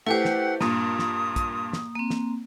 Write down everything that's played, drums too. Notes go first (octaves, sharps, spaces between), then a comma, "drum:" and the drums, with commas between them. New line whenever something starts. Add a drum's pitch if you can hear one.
A3 E4 G4 B4 C5 F#5
drum: snare
G2 A#2 A#3 D#6, drum: snare
drum: snare
drum: kick, hi-hat
drum: snare
A#3 C4
drum: snare